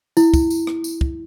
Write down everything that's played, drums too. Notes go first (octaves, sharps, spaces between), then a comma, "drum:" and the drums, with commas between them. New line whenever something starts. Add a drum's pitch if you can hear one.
E4, drum: tambourine
drum: kick, tambourine
drum: tambourine
drum: rim click
drum: tambourine
drum: kick